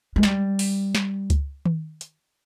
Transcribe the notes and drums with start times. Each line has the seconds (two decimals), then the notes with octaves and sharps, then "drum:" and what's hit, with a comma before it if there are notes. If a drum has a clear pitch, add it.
0.16 G#3
0.23 G3, drum: snare
0.59 drum: open hi-hat
0.95 drum: snare
1.30 drum: kick C#2, hi-hat
1.65 drum: tom D#3
2.01 drum: hi-hat